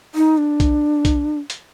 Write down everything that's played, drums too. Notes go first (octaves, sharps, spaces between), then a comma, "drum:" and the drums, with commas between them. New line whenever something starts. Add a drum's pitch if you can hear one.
D#4
D4
drum: kick B1, hi-hat
drum: kick B1, hi-hat
drum: hi-hat